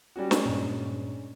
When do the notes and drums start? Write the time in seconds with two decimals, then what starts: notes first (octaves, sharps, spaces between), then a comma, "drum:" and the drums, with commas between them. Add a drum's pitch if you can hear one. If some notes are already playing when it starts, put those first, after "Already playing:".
0.16 G3 C#4 F#4
0.31 G#3 C#4 D4, drum: snare
0.46 G2 A#2